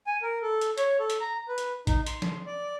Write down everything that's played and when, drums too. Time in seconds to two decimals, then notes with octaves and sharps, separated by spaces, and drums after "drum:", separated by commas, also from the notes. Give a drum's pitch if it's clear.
0.07 G#5
0.22 A#4
0.42 A4
0.61 drum: hi-hat
0.78 C#5, drum: hi-hat
0.99 A4
1.10 drum: hi-hat
1.20 A#5
1.48 B4
1.58 drum: hi-hat
1.87 D#4, drum: kick, hi-hat
2.06 C6, drum: hi-hat
2.22 drum: snare
2.46 D5